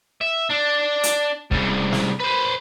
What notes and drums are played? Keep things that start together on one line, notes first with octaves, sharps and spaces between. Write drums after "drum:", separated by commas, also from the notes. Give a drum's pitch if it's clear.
E5
D4
drum: hi-hat
C2 C#3, drum: kick C#1
drum: snare
B4 C5